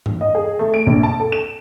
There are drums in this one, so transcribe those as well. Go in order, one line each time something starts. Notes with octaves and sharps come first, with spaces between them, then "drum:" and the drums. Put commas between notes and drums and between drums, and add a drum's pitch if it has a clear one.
drum: tom G2
D#5
G#4
A3
D7
A#1
A5
A4
E7